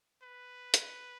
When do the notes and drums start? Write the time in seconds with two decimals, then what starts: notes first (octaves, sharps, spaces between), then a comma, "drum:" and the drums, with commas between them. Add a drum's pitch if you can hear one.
0.23 B4
0.74 drum: hi-hat